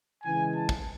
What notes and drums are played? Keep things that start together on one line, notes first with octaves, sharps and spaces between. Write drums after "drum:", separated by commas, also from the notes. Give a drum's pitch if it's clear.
C#3 E3 G#3 G#5
A5
drum: kick